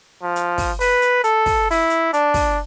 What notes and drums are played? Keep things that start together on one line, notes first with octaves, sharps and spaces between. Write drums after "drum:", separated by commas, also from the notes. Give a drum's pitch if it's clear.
F3
drum: hi-hat
drum: kick, open hi-hat
B4, drum: open hi-hat
drum: hi-hat
A4, drum: hi-hat
drum: kick, open hi-hat
E4, drum: open hi-hat
drum: hi-hat
D4, drum: hi-hat
drum: kick, open hi-hat